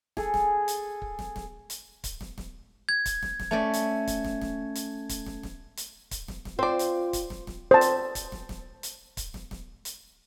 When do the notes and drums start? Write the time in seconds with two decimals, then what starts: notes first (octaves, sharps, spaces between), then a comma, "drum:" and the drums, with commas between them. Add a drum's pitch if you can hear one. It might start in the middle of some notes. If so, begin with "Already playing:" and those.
0.17 G#4 A4, drum: snare
0.34 drum: snare
0.68 drum: hi-hat
1.02 drum: kick
1.19 drum: snare
1.36 drum: snare
1.70 drum: hi-hat
2.04 drum: kick, hi-hat
2.21 drum: snare
2.38 drum: snare
2.89 G#6
3.06 drum: kick, hi-hat
3.23 drum: snare
3.40 drum: snare
3.51 A3 C#4 D5
3.73 drum: hi-hat
4.07 drum: kick, hi-hat
4.24 drum: snare
4.41 drum: snare
4.75 drum: hi-hat
5.09 drum: kick, hi-hat
5.26 drum: snare
5.43 drum: snare
5.77 drum: hi-hat
6.11 drum: kick, hi-hat
6.28 drum: snare
6.45 drum: snare
6.59 C4 F4 C5 D5
6.79 drum: hi-hat
7.13 drum: kick, hi-hat
7.30 drum: snare
7.47 drum: snare
7.71 C5 A5
7.81 drum: hi-hat
8.15 drum: kick, hi-hat
8.32 drum: snare
8.49 drum: snare
8.83 drum: hi-hat
9.17 drum: kick, hi-hat
9.34 drum: snare
9.51 drum: snare
9.85 drum: hi-hat